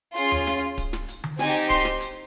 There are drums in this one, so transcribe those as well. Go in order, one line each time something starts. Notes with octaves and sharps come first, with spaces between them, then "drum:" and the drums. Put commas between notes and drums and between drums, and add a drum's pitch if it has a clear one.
C#4 F4 G#4 C6, drum: hi-hat
drum: tom D#2
drum: snare
drum: kick D1, hi-hat
drum: snare
drum: hi-hat
drum: tom D3
C4 D#4 G4 G#5, drum: snare
C6, drum: kick D1, hi-hat
drum: snare
drum: hi-hat